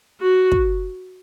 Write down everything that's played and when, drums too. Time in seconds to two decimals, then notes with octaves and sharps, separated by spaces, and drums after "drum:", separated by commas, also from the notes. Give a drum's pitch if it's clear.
0.21 F#4
0.52 drum: kick